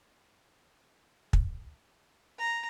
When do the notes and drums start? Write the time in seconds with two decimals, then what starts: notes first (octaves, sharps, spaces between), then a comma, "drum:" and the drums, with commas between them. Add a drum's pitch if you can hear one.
1.33 drum: kick
2.38 A#5